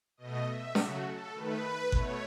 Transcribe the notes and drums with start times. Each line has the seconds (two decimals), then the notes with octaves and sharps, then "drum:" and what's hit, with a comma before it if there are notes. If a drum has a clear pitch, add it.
0.17 B2 A3 D#5
0.46 E5
0.75 C#3 F#3 A3 F#4, drum: snare
1.05 A4
1.34 D#3 A3 B4
1.92 B2 A3 C#5, drum: kick G1